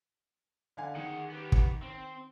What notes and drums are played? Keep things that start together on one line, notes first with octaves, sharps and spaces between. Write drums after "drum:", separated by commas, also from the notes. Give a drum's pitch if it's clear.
D3 F5 G#5
D#3 G#4 F#5
B3 G4
drum: kick
C4